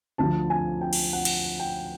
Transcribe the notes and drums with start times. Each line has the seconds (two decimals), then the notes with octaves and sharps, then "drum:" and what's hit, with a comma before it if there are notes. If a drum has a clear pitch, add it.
0.18 D2 D3 F3 A5
0.50 G#5
0.81 G5
0.93 drum: cymbal
1.13 F#5
1.25 drum: cymbal
1.60 G5